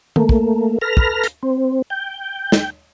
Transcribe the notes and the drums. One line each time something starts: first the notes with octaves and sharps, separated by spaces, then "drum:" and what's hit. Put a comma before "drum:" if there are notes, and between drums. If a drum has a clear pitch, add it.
A3 A#3, drum: tom D#3
drum: kick
A4 B4 A#5 F6
drum: kick
drum: hi-hat
C4
G5
drum: snare